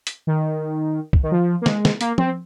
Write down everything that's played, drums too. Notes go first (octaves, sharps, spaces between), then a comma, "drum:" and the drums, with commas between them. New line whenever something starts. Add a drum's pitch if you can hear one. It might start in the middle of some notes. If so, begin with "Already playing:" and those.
drum: hi-hat
D#3
drum: kick
D#3
F3
A#3
G#3, drum: snare
drum: snare
A#3, drum: hi-hat
C4, drum: tom F3